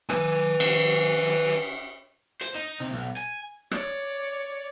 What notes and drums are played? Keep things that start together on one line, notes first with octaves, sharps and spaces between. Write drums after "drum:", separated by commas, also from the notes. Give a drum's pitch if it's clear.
B4 G#5, drum: rim click
drum: cymbal
C5, drum: hi-hat
D#4
C3
B1
G#5
C#5 D5, drum: rim click